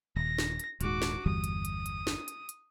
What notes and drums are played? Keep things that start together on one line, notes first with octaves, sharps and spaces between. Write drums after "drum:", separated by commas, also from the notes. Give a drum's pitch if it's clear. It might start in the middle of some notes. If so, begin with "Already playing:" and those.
D#1 A#6
drum: snare
drum: hi-hat
D#1 G#2 F#4 D6, drum: hi-hat
drum: snare
G1 E2 G3 D#6
drum: hi-hat
drum: hi-hat
drum: hi-hat
drum: snare
drum: hi-hat
drum: hi-hat